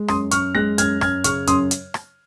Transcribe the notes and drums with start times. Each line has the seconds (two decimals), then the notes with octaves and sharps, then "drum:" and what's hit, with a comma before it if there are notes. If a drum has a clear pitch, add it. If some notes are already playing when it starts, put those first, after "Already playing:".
Already playing: G#3
0.08 F#2 C6 D#6, drum: rim click
0.31 F#2 C#6 F6, drum: hi-hat
0.55 G#3 F#6 A#6
0.78 F#2 F6 G#6, drum: hi-hat
1.01 F#2 F6 G#6, drum: rim click
1.24 C#3 C#6 F6, drum: hi-hat
1.47 F#2 C6 D#6, drum: hi-hat
1.71 drum: hi-hat
1.94 drum: rim click